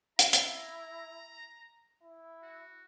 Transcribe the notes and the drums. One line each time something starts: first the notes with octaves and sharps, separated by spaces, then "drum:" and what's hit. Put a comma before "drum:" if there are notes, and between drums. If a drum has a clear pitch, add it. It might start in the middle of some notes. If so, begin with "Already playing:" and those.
E4 A#5, drum: hi-hat
drum: hi-hat
E4
F#4